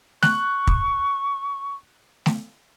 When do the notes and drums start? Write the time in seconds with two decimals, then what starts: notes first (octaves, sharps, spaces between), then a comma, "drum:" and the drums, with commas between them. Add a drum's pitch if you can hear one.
0.23 C#6 F#6, drum: snare A3
0.67 drum: kick
2.26 drum: snare A3